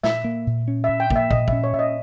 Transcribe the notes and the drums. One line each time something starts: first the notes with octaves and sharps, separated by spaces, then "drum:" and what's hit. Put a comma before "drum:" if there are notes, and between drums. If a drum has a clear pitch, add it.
A#2 E5, drum: snare
A#3
A#2
C#4
E5
A#2
G5
A#3, drum: kick
E5
A#2 D#5, drum: kick
E5, drum: kick
C#4
C#5
A#2 E5
D#5